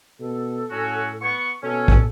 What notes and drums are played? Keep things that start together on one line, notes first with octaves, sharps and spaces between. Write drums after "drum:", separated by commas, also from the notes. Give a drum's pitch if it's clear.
B2 A4
A2 C#4 F#4
B3 C#6
B2 C#4 A4
drum: kick